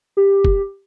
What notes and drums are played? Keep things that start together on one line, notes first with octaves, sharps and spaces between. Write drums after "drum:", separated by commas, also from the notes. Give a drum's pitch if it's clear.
G4
drum: kick